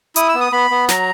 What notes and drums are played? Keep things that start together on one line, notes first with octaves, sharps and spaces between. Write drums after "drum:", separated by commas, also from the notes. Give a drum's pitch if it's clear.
E4 D#6, drum: hi-hat
E6
B3
D#6
B3 B5
B3
F#3 A#5, drum: snare